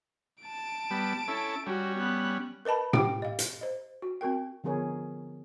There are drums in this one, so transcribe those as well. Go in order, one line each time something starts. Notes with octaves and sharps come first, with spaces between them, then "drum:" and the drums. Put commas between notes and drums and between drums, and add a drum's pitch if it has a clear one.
A5 D7
G3 B3
C#4 E4 A4
G3 C#4 F#4
B3 F#6
A#4 B4 D#5 A5 B5
G4 G5 D6, drum: tom A2
D#5 F5
drum: hi-hat
C5 D#5
F#4
C4 F#4 A#4 G5
D3 F3 B3 G#4 A#4 C#5